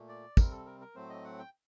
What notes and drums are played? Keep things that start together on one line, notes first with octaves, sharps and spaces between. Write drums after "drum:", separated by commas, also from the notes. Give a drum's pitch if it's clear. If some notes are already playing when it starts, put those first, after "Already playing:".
Already playing: A#2 A3
D5
C3 G3 C4 A#4, drum: kick, tambourine
A4
A#4
A#4
A2 F#3 A3 C4 C5
D#5
F#5
G5